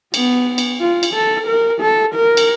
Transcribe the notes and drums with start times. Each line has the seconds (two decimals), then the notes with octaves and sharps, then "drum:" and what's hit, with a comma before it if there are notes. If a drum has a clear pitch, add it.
0.14 B3, drum: cymbal
0.58 drum: cymbal
0.80 F4
1.03 drum: cymbal
1.14 A4
1.47 A#4
1.81 A4
2.15 A#4
2.37 drum: cymbal